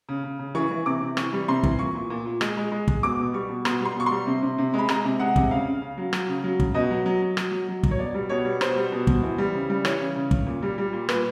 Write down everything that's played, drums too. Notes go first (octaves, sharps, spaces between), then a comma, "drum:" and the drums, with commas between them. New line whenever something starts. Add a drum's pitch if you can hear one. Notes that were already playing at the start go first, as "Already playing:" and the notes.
C#3
C#3
C#3
E3 C#6
E3
C3 D6
C3
E3 C#6, drum: rim click
G3
C3 C6
E3, drum: kick
A#2 C#6
A#2
A#2
A#2
G#3, drum: rim click
G#3
G#3
G#3, drum: kick
B2 D6
B2
G3 C#6
B2
B2 C6, drum: rim click
G3
C6
B2 C#6
G3 C6
C3
C3
C3
G#3 B5
G#3 A#5, drum: rim click
C3
G#3 F#5
C3, drum: kick
C#3 F5
C#3
C#3
F#3
F#3, drum: rim click
C#3
F#3
C#3, drum: kick
B2 D#5
F#3
F#3
F#3
F#3, drum: rim click
F#3
F#3
F#3, drum: kick
C#5
B2 D5
G3
B2 C#5
G3
B2 C5, drum: rim click
G3
B2
B2, drum: kick
E3
G3
C#3
G3
E3 C#5, drum: rim click
C#3
C#3
C#3, drum: kick
A#2
G3
G3
A#2
A#2 B4, drum: rim click